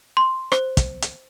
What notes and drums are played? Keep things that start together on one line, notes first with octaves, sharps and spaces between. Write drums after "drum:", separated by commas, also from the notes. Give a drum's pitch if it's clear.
C6
C5, drum: rim click
drum: kick, hi-hat
drum: hi-hat